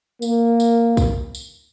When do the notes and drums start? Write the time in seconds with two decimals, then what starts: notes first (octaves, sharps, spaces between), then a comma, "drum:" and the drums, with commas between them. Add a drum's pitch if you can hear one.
0.22 A#3, drum: tambourine
0.60 drum: tambourine
0.97 drum: kick, tambourine
1.35 drum: tambourine